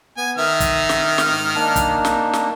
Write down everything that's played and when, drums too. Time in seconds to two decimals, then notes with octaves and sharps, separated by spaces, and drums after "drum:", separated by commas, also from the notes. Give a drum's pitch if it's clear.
0.17 B3 G#5
0.38 D#3 A#4 E5 D#6 F6
0.60 drum: kick, hi-hat
0.89 drum: snare
1.18 drum: snare
1.31 G#2
1.55 A#3 D4 D#4
1.76 drum: kick, hi-hat
2.05 drum: snare
2.33 drum: snare